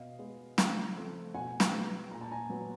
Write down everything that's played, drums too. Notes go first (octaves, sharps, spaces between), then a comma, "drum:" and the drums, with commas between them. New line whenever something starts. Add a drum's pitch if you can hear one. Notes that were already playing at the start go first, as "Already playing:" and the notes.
Already playing: B2 D#5 F5
G#3 B3
C#3, drum: snare
F3 A3 C4
B2 F#5 G#5
drum: snare
G#3 B3
A#2 A#5
A5
G#5 A#5
F#3 B3